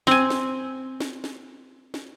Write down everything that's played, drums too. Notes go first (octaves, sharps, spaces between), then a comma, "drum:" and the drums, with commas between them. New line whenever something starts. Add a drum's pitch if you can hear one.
C4 G#5, drum: snare
drum: snare
drum: snare
drum: snare
drum: snare